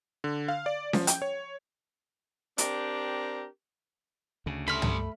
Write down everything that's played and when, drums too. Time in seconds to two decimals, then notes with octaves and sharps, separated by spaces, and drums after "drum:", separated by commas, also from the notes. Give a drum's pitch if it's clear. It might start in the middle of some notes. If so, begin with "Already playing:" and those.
0.24 D3
0.48 F5
0.66 D5
0.93 F3, drum: snare C#4
1.07 G5, drum: hi-hat
1.22 C#5
2.58 C4 D4 G4 A#4, drum: hi-hat
4.46 D2 C#3
4.68 G3 A3 B5 C6 F6
4.82 drum: tom